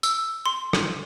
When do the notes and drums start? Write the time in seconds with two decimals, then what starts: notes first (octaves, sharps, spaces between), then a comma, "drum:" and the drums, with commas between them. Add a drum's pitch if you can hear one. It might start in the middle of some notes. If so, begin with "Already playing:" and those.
0.03 E6, drum: tambourine
0.46 C6
0.73 drum: rim click